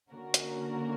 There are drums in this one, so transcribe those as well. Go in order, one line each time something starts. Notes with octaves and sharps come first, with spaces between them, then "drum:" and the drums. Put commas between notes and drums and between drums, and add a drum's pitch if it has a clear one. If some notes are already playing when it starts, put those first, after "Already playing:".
D3 A#3 C#4 F#4 A#4
drum: hi-hat